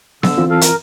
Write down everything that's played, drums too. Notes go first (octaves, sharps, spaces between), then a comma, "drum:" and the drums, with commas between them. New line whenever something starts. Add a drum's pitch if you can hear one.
D3 E6, drum: snare B3
E3 C4 F4
A4 F5
A#4, drum: hi-hat